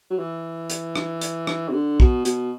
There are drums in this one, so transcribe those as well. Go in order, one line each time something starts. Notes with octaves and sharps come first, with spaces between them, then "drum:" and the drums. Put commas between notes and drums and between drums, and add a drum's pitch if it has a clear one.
F#3
E3
drum: hi-hat
drum: rim click
drum: hi-hat
drum: rim click
C3
D3
B2, drum: kick
B2, drum: hi-hat